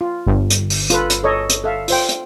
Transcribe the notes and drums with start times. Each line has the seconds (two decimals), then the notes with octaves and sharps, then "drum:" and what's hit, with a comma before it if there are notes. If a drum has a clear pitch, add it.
0.01 F4
0.27 G1
0.50 drum: hi-hat
0.70 drum: open hi-hat
0.90 F4 A4 B4, drum: hi-hat
1.10 drum: hi-hat
1.24 A4 C#5 D#5
1.50 drum: hi-hat
1.64 A4 E5 F5
1.88 F4 C5 G5, drum: open hi-hat
2.09 drum: hi-hat